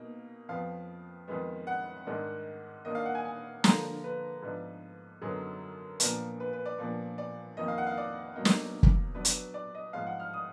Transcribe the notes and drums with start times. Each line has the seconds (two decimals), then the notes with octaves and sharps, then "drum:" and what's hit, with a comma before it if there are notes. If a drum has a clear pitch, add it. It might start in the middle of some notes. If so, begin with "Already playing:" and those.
Already playing: B2 A#3 D#4
0.49 F2 F3 B3 F5
1.28 F2 D#3 G#3 B3
1.67 F#5
2.06 G#2 D#3 G#3 D4
2.85 D#3 A#3 D4 D#5
2.95 F5
3.05 F#5
3.15 G#5
3.25 G#5
3.64 D3 F3 A#3 A#5, drum: snare
4.04 B4
4.42 G#2 F3 B3 D4
5.21 F#2 D3 F#3 B3 D#4 G#4
6.00 A#2 F3 B3 D4 A#4, drum: hi-hat
6.40 B4
6.53 B4
6.65 D5
6.78 A#2 F3 B3 D4
7.18 D5
7.57 F2 D#3 A#3 D#4 D#5
7.68 F5
7.78 F#5
7.86 F5
7.97 D5
8.36 B2 F#3 A#3 D#4
8.45 drum: snare
8.83 drum: kick
9.15 B2 F#3 B3 D4 B4
9.25 drum: hi-hat
9.54 D5
9.75 D#5
9.93 G#2 F3 G#3 F5
10.06 F#5
10.20 F6
10.34 D#6